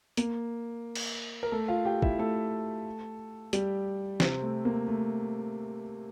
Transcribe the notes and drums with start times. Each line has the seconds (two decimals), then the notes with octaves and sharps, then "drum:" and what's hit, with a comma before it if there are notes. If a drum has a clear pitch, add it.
0.17 A#3, drum: hi-hat
0.95 drum: cymbal
1.43 A#4
1.52 A3 A4
1.68 F4 F5
1.85 G4 G5
2.02 E4 E5, drum: kick
2.19 A3 A4
3.53 G3 G4, drum: hi-hat
4.20 C3 C4, drum: snare
4.42 A3
4.65 A#3
4.88 A3